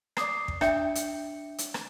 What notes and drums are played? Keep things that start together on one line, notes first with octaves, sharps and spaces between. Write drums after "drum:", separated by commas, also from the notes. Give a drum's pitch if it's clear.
D5 D6 D#6 C7, drum: rim click
drum: kick
D4 D5 E5 G5 G6 C#7, drum: rim click
drum: hi-hat
drum: hi-hat
drum: rim click